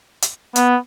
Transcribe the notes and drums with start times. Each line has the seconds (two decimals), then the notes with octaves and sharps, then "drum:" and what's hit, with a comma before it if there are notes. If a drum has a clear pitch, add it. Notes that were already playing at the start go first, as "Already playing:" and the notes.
0.22 drum: hi-hat
0.56 B3, drum: hi-hat